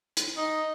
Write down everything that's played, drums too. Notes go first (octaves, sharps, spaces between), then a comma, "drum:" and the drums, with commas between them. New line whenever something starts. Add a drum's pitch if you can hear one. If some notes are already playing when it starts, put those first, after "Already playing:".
drum: hi-hat
D#4